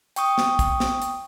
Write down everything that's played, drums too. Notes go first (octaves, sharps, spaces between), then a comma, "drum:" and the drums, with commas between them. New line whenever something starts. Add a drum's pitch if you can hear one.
G5 C#6 D#6, drum: hi-hat
drum: snare
drum: kick, hi-hat
drum: snare
drum: hi-hat